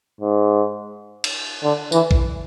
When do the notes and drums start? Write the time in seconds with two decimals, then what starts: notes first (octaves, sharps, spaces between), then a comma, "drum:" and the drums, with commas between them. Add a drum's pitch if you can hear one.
0.21 G#2
1.24 drum: cymbal
1.63 D3
1.92 E3, drum: tambourine
2.11 drum: kick A#1